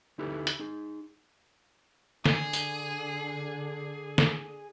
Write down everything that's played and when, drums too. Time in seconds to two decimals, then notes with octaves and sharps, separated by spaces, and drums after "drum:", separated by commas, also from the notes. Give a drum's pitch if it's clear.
0.18 D2 D#4 E4 G4 A4 B4
0.47 drum: hi-hat
0.60 D#4 G#4
2.25 D3 G#4, drum: snare
2.53 drum: tambourine
4.18 drum: snare